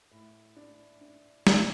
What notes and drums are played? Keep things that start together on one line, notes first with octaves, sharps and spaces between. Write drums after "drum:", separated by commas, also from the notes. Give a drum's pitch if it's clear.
A2
D4
D4
A2, drum: snare